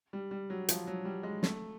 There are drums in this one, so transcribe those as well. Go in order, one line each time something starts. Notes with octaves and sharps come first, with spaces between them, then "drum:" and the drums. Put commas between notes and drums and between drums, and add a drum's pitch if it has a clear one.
G3
G3
F#3
F3, drum: hi-hat
F#3
G3
G#3
A3, drum: snare